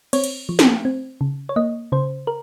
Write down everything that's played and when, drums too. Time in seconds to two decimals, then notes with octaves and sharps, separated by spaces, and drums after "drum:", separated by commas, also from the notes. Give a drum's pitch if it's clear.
0.13 C4 C#5, drum: cymbal
0.24 drum: cymbal
0.49 F3
0.59 drum: snare
0.85 C4
1.21 C#3
1.49 C#5
1.56 A#3 D#5
1.92 C#3 C5
2.27 A#4